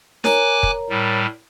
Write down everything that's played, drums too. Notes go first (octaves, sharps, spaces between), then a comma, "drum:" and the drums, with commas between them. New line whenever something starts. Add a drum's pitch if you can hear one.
A#4 C#5 G#5 A#5 D6 F#6, drum: snare D#4
drum: kick
A2 G3